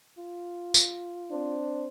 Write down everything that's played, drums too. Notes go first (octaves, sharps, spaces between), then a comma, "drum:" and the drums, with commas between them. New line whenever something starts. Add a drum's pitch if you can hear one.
F4
drum: tambourine
C4 D4 C5